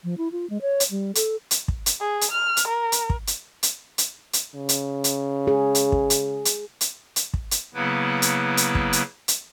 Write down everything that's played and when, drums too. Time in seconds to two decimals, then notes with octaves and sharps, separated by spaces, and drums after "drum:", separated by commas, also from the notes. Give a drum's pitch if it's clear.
0.04 F3
0.18 E4
0.32 F4
0.50 G#3
0.62 C#5
0.80 drum: hi-hat
0.91 G3
1.15 A4, drum: hi-hat
1.51 drum: hi-hat
1.68 drum: kick
1.86 drum: hi-hat
2.00 G#4
2.21 drum: hi-hat
2.31 F6
2.57 drum: hi-hat
2.67 A#4
2.92 drum: hi-hat
3.10 drum: kick
3.27 drum: hi-hat
3.63 drum: hi-hat
3.98 drum: hi-hat
4.33 drum: hi-hat
4.55 C#3
4.69 drum: hi-hat
5.04 drum: hi-hat
5.47 G#4
5.75 drum: hi-hat
5.92 drum: kick
6.10 drum: hi-hat
6.45 drum: hi-hat
6.81 drum: hi-hat
7.16 drum: hi-hat
7.34 drum: kick
7.51 drum: hi-hat
7.74 C#3 F#3 A#3 B3 E4 B4
8.22 drum: hi-hat
8.57 drum: hi-hat
8.75 drum: kick
8.93 drum: hi-hat
9.28 drum: hi-hat